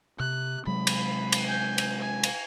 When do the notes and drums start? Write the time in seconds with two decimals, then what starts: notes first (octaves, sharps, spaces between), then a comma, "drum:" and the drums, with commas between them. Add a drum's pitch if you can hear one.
0.20 C3 F#6
0.67 C3 F#3 G#3 B5
0.87 drum: cymbal
1.32 drum: cymbal
1.47 G#5 G6
1.78 drum: cymbal
2.01 G#5
2.23 drum: cymbal